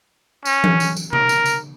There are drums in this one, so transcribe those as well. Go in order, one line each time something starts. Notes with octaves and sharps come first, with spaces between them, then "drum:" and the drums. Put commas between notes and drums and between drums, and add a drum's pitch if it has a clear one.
C#4, drum: tambourine
drum: tom E3
drum: tambourine
drum: tambourine
A#4, drum: tom C3
drum: tambourine
drum: tambourine